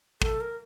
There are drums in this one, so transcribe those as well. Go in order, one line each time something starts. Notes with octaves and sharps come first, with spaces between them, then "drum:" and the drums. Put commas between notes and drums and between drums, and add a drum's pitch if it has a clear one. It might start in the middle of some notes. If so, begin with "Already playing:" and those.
A4, drum: kick
A#4